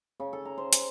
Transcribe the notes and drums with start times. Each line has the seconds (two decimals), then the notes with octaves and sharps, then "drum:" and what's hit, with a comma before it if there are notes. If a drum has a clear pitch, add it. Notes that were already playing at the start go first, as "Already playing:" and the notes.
0.20 C#3
0.33 A4
0.45 A#5
0.58 C5
0.73 G#5, drum: hi-hat